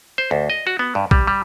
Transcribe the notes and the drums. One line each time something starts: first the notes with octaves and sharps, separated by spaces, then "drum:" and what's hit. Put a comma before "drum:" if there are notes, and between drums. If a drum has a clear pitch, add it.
C5
D2
D#5
F#4
B3
G2
G3, drum: kick A#1
G3